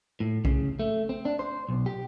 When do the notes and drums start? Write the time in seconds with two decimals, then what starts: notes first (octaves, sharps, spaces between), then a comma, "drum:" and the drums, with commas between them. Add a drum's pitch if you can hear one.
0.20 A2
0.45 C#3, drum: kick B1
0.79 A3
1.09 C4
1.25 D4
1.39 C5
1.69 B1
1.86 G4